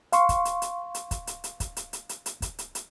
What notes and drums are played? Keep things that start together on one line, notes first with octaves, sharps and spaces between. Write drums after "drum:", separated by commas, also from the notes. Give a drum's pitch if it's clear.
F5 C6 C#6, drum: hi-hat
drum: kick, hi-hat
drum: hi-hat
drum: hi-hat
drum: hi-hat
drum: kick, hi-hat
drum: hi-hat
drum: hi-hat
drum: kick, hi-hat
drum: hi-hat
drum: hi-hat
drum: hi-hat
drum: hi-hat
drum: kick, hi-hat
drum: hi-hat
drum: hi-hat